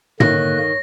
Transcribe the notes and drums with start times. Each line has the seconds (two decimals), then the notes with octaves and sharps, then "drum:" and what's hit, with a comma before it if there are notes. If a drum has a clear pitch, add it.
0.20 D3 D#3 A#3 C#5 F#6 A#6, drum: tom